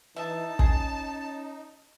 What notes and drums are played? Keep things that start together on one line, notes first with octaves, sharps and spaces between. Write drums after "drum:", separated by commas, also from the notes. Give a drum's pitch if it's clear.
E3 D#4 E5 A5
C#4 G#4, drum: kick